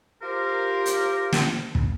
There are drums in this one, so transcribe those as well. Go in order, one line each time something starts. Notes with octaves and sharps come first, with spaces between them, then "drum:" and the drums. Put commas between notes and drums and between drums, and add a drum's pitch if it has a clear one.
F4 G4 A#4 C5
drum: hi-hat
drum: snare
drum: kick